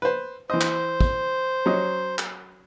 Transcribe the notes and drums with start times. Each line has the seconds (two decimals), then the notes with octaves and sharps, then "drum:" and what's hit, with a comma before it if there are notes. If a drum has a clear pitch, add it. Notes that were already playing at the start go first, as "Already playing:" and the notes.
0.02 B4 C5
0.50 E3 C5 D#5
0.61 drum: clap
1.01 drum: kick
1.66 F#3 C#4 D#5
2.19 drum: clap